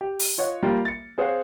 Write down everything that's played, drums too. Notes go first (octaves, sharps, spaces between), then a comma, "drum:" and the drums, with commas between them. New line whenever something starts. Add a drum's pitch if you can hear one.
G4
drum: open hi-hat
F4 C#5 D#5 F#5
G3 A#3 F4 G4
A6 C#7
C4 G#4 C5 C#5 F5 F#5